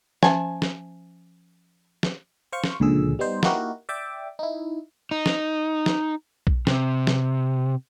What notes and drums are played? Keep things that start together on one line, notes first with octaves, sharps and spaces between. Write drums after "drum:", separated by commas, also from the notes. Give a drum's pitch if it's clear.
F3 C#4 E5 G#5 A5, drum: snare
drum: snare
drum: snare
C5 F5 C#6
drum: snare
C#2 A#2 D3 F3 G#4 E6
G3 B3 D#4 C5
A#3 D#4 E4 F#4 G4 A#4, drum: snare
D5 E5 G5 D6
D#4 E4
D#4
drum: snare
drum: snare
drum: kick A#1
C3, drum: snare
drum: snare